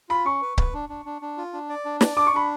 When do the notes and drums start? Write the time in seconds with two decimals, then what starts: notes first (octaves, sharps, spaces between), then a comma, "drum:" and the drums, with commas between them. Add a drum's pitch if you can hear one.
0.09 F4 B5
0.25 C#4 C#6
0.42 B4
0.58 B4, drum: kick C#1
0.74 D4
0.89 D4
1.05 D4
1.22 D4
1.37 F4
1.53 D4
1.69 D5
1.85 D4
2.01 D5, drum: snare
2.17 D4 D6
2.27 C#6
2.34 D4 B5